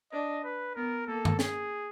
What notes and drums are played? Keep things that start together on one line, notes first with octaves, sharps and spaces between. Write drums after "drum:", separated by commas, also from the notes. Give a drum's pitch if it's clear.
D4 D#5
B4
B3 A#4
A#3 A4
drum: tom G2
G#4, drum: snare